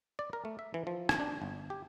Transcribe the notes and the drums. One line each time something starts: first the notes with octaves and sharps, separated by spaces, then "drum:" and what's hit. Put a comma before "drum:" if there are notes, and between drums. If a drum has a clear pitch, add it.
D5
A#4
A3
E5
E3
F3
drum: rim click
D4
G1
G4